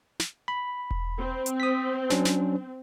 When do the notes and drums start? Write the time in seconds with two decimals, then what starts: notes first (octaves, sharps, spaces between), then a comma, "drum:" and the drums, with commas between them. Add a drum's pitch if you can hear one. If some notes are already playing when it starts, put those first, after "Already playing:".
0.20 drum: snare
0.48 B5
0.91 drum: kick E1
1.19 C4
1.46 drum: hi-hat
1.60 D#6 B6
2.10 F#3 C#4 D4, drum: snare
2.25 drum: snare